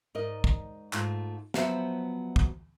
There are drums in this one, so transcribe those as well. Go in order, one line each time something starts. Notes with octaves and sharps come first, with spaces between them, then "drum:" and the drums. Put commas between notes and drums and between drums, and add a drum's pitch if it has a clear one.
G#2 A#4 D5 D#5
drum: kick
G#2 A3 F4, drum: clap
F3 F#3 B3 C5 E5, drum: snare
drum: kick